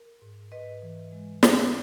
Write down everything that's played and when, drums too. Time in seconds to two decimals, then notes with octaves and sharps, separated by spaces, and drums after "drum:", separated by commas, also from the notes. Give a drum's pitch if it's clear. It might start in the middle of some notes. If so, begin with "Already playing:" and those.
Already playing: A#4
0.22 G#2
0.52 G#2 B4 D#5
0.82 E3
1.12 G#3
1.43 G#3, drum: snare